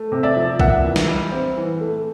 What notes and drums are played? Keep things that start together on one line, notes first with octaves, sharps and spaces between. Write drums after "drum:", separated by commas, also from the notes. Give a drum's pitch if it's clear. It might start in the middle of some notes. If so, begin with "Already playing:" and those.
Already playing: A3
C3
D5 E5
F3
A#3 E5 F#5, drum: kick A#1
E3
drum: snare
G3
C4
E3
A3